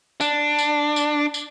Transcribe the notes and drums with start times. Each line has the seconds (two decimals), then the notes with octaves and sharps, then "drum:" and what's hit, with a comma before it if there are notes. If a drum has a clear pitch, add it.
0.21 D4, drum: tambourine
0.58 drum: tambourine
0.96 drum: tambourine
1.34 drum: tambourine